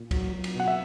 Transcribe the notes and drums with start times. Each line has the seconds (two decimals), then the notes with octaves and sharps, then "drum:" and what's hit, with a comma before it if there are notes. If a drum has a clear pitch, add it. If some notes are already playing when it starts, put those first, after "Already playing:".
Already playing: A#2
0.11 F#3, drum: kick, cymbal
0.33 F#3
0.44 drum: cymbal
0.55 B2 F#5
0.68 E5